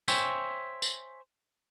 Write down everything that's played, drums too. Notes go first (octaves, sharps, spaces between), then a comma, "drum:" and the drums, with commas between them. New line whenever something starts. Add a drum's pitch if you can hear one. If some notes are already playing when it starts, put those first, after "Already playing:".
C5 C#5 E5 G5 G#5, drum: tambourine
drum: tambourine